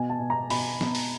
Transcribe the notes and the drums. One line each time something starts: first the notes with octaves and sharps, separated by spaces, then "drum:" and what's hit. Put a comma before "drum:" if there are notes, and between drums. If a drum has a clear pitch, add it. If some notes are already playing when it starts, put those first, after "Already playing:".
Already playing: B2 G#5
A5
B2
A#5
B2 B5, drum: open hi-hat
B2, drum: snare
drum: open hi-hat